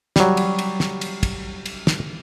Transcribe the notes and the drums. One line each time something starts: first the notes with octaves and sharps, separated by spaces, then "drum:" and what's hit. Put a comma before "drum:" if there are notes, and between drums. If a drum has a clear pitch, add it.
F#3 G3, drum: snare
drum: cymbal
drum: cymbal
drum: snare
drum: cymbal
drum: kick, cymbal
drum: cymbal
drum: snare